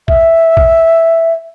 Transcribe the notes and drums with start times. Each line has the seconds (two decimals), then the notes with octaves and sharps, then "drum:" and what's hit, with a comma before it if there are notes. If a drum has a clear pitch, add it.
0.08 E5, drum: kick
0.57 drum: kick